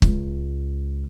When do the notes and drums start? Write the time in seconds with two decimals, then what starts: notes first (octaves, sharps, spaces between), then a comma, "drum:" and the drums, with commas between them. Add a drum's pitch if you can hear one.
0.02 C#2, drum: kick